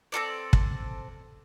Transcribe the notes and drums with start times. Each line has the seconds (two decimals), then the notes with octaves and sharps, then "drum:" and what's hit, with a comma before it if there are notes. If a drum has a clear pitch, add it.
0.12 C4 F4 A4 D5
0.53 drum: kick